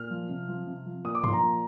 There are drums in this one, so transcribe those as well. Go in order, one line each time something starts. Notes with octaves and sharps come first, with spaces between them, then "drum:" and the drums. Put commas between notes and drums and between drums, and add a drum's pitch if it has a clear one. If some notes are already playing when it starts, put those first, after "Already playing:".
Already playing: A#2 F6
F3
C3
F3
C3
F3
A#2 D#6
D6
F3 C6, drum: tom G2
A#5
A#2